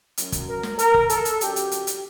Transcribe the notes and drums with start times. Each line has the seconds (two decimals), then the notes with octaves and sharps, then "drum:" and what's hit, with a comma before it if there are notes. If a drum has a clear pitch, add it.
0.17 F#2 F#3, drum: hi-hat
0.32 drum: kick, hi-hat
0.48 A#4
0.63 drum: snare
0.79 A#4, drum: hi-hat
0.94 drum: kick
1.10 A4, drum: hi-hat
1.25 drum: hi-hat
1.41 F#2 D3 F#3 G4, drum: hi-hat
1.56 drum: hi-hat
1.72 drum: hi-hat
1.87 drum: hi-hat